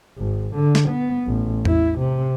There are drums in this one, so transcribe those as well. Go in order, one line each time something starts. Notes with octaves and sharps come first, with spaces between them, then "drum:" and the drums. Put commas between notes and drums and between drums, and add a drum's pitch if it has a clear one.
G#1
D3
drum: snare
B3
A1
E4, drum: tom E2
C3